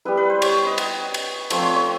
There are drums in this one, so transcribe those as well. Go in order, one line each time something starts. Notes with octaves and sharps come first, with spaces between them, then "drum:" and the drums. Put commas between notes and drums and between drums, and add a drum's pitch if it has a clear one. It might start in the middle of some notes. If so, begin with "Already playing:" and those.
G3 B3 E4 B4
B4
C5
C#5, drum: cymbal
D#5
F#5, drum: cymbal
drum: cymbal
F3 A3 C4 E5, drum: cymbal
C#5
C#5